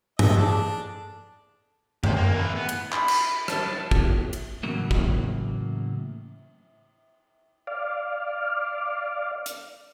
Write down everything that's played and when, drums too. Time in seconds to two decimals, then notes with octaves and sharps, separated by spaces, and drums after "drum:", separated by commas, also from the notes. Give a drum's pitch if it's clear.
0.19 D#5 E5, drum: tom G2
0.36 D4 G#4 A4 A5
2.04 G4 C5, drum: tom F#2
2.16 A#3
2.34 A2 E3
2.56 B3
2.69 drum: cymbal
2.92 B5, drum: clap
3.08 drum: cymbal
3.48 A5, drum: rim click
3.91 drum: kick
4.33 drum: cymbal
4.63 A2 C#3 E3 F#3 A#3
4.91 drum: kick
7.67 D5 F5
9.46 drum: hi-hat